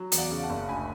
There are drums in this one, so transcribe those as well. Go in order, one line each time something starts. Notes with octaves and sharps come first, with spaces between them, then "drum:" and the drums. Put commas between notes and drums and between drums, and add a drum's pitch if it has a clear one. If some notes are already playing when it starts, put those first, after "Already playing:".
Already playing: F#3
E2, drum: hi-hat
D5 F#5
C#3
F#5 A5
F#1
D2 G#5 B5